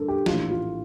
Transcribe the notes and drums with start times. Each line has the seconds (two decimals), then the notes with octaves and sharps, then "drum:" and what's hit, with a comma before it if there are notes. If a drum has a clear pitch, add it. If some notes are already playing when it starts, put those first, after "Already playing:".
Already playing: G2 D3 A4 A#4
0.08 G4
0.26 A#1 A2 E3 F4, drum: snare
0.51 F4